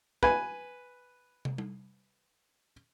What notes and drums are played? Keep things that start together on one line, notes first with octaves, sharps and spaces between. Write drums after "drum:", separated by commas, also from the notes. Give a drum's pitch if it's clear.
B4 G#5, drum: kick
drum: tom
drum: tom G3